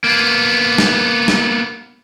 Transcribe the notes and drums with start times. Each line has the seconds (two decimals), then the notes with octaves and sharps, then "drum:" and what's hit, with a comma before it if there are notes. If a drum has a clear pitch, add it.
0.04 A#3 B3
0.78 drum: snare
1.28 drum: snare